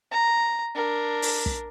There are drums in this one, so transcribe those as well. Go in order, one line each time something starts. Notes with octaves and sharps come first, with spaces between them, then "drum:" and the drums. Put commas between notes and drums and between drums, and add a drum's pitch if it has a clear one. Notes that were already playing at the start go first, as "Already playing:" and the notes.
A#5
D4 A#4
drum: open hi-hat
drum: kick